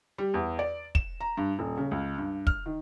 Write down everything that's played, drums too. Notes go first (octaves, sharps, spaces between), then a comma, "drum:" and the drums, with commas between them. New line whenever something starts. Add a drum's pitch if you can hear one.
G3
E2
D5
E7, drum: kick
A#5
G2
D#1
C#3
C#2
G2
F6, drum: kick
D#3